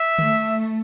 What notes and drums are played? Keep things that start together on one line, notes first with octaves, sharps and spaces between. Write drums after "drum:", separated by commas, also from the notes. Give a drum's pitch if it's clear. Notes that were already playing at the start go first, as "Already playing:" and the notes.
Already playing: E5
A3, drum: tom D3